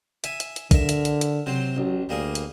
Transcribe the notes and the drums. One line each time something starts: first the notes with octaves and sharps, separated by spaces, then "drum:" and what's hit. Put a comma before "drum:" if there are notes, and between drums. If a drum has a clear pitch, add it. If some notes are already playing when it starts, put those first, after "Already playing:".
E5 G#5, drum: hi-hat
drum: hi-hat
drum: hi-hat
D3 A#4 E5, drum: kick, hi-hat
drum: hi-hat
drum: hi-hat
drum: hi-hat
C3 F#3 C5
A1 F#3
D2 G3 A#3 G#4
drum: hi-hat